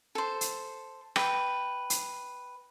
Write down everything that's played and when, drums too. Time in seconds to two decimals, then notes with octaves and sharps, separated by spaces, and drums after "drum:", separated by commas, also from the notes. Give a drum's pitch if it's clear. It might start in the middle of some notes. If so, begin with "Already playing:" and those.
0.15 A4 C5
0.41 drum: hi-hat
1.16 B4 G5, drum: rim click
1.90 drum: hi-hat